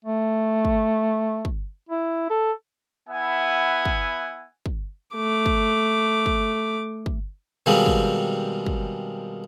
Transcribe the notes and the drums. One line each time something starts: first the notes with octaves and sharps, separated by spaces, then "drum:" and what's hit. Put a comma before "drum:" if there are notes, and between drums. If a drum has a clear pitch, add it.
A3
drum: kick
drum: kick
E4
A4
B3 E4 E5 F#5 G#5
drum: kick
drum: kick
A3 D6
drum: kick
drum: kick
drum: kick
B2 D#3 F3 G3 G#3 C4
drum: kick
drum: kick